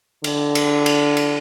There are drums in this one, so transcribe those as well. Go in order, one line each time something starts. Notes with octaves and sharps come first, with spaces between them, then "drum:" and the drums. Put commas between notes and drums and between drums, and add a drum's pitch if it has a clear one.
D3, drum: cymbal
drum: cymbal
drum: cymbal
drum: cymbal